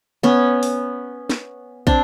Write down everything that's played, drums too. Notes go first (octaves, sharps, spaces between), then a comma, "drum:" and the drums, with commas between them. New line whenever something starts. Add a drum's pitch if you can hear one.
B3 C#4
drum: open hi-hat
drum: snare
C4 D4, drum: kick